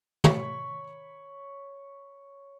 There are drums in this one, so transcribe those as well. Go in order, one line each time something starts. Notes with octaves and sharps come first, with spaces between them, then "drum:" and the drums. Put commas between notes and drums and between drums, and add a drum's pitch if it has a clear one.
C#5 B5 C#6, drum: tom